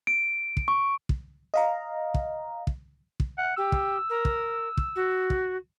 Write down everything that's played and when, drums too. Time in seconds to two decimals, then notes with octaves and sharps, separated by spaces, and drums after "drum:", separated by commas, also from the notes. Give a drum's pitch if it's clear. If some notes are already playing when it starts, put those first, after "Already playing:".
0.07 D7
0.57 drum: kick
0.68 C#6
1.09 drum: kick
1.54 D#5 F5 A#5
2.14 drum: kick
2.67 drum: kick
3.20 drum: kick
3.38 F#5
3.57 G4 E6
3.72 drum: kick
4.09 A#4
4.25 drum: kick
4.77 drum: kick
4.95 F#4
5.30 drum: kick